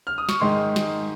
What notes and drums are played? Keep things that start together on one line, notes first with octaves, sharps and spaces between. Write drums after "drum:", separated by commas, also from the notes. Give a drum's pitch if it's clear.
F6
D#6
C#6, drum: snare
G#2 D#3 G#3 D#4 C6
drum: snare